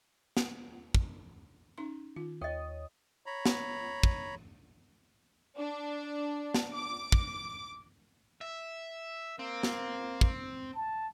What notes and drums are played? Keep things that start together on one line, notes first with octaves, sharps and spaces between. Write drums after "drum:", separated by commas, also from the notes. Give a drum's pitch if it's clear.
drum: snare
drum: kick
C#4 D#4 C6
D#3 F4
D#2 C#5 D#5 G5 D#6
C#5 A#5 B5
drum: snare
drum: kick
D4
drum: snare
D6
drum: kick
E5
A#3 C4
drum: snare
drum: kick
A5